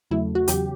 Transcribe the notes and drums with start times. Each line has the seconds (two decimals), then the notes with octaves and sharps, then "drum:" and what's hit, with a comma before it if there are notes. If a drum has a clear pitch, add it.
0.11 E2 C#3 F#3 A3 E4
0.35 F#4
0.48 E2 C#3 F#3 G4, drum: hi-hat